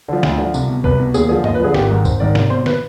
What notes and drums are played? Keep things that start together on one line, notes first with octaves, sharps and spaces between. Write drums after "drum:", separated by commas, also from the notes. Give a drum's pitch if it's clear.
D3 F3
D2, drum: snare
D3 F3
C2, drum: tambourine
B2
C2 B4, drum: kick C2
B2
D#2 G#4, drum: tambourine
D3 F3 G#4
D#2 D#5, drum: tom G2
B4
D3 F3 G#4
G#1 G4, drum: snare
G#2 D#3
G#1 C5, drum: kick C2, tambourine
G#2 D#3 D5
C2 D5, drum: snare
B2 C5
B4, drum: snare